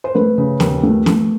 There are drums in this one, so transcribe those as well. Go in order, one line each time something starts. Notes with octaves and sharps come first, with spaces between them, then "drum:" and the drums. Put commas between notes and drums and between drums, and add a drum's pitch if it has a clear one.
C5
A3 B4
C#3
D#2, drum: snare
A3
A3, drum: snare